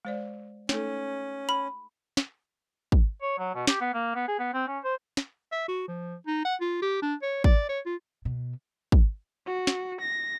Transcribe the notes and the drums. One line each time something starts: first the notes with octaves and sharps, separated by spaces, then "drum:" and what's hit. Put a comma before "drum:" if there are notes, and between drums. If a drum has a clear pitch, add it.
G#3 C5 D5
A3 C#4 D#4 A4, drum: snare
B5
drum: snare
drum: kick
C#5
F#3
B2
G4, drum: snare
B3
A#3
B3
G#4
B3
C4
C#4
C5
drum: snare
E5
F#4
F3
D#4
F#5
F4
G4
D4
C#5
D5, drum: kick
C#5
F4
B2
drum: kick
F#4
drum: snare
A#6